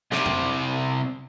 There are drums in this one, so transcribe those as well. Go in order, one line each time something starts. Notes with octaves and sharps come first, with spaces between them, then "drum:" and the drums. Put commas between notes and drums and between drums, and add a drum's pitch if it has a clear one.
C2 C3, drum: snare
drum: tom F2